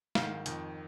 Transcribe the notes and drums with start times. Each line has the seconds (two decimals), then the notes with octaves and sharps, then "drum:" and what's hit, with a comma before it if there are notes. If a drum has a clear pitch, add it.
0.15 G#2 D#3 F5, drum: snare
0.46 F2 D#3, drum: hi-hat